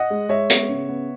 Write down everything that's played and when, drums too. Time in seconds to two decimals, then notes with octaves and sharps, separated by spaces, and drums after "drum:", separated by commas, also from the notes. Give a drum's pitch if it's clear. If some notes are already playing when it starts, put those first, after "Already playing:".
Already playing: D#5 F#5
0.10 G#3
0.29 G#3 C#5 E5
0.50 B3, drum: hi-hat
0.68 C#3
0.88 B3